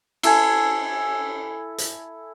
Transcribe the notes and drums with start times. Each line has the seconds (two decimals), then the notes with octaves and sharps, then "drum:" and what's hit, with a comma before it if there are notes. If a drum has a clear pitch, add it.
0.23 E4 A4 G#5, drum: cymbal
1.78 drum: hi-hat